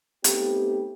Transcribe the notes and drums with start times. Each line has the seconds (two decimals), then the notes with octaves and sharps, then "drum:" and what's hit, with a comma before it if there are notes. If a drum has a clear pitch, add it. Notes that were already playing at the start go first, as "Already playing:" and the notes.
0.24 A3 B3 C4 D#4 G4, drum: hi-hat